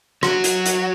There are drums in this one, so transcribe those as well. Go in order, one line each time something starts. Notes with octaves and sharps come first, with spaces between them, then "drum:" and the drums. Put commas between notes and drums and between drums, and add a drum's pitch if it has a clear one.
F#3 F#4, drum: rim click
drum: hi-hat
drum: hi-hat